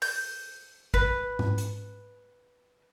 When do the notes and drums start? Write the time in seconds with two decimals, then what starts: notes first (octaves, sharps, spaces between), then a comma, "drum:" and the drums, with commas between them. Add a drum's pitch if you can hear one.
0.02 G6, drum: open hi-hat
0.94 B4, drum: kick
1.39 drum: tom G#2
1.58 drum: hi-hat